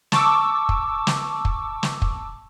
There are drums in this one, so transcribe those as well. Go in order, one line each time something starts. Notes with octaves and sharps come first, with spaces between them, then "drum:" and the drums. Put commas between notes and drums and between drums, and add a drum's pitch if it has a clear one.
A5 C#6 D6 E6, drum: snare
drum: kick
drum: snare
drum: kick
drum: snare
drum: kick